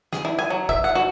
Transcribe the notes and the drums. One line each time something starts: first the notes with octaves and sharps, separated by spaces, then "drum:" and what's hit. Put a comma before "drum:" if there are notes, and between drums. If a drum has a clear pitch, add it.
G#4, drum: snare
E4
G#5
F#3
E5, drum: kick
F#5
F#4